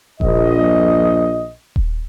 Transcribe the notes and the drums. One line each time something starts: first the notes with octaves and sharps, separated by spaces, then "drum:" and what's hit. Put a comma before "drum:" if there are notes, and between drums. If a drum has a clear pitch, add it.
A#1 D#5, drum: kick D#1
drum: kick D#1